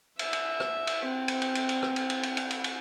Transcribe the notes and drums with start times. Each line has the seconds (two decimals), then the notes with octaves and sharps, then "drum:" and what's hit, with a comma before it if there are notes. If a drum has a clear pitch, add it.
0.19 E5, drum: cymbal
0.33 drum: cymbal
0.60 drum: rim click
0.87 drum: cymbal
1.06 C4
1.28 drum: cymbal
1.42 drum: cymbal
1.55 drum: cymbal
1.69 drum: cymbal
1.82 drum: rim click
1.96 drum: cymbal
2.10 drum: cymbal
2.23 drum: cymbal
2.37 drum: cymbal
2.51 drum: cymbal
2.64 drum: cymbal